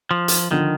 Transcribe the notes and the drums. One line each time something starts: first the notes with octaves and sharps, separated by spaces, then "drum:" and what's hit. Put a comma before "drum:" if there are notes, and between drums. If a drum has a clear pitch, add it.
F3
drum: hi-hat
D3 D#3 F3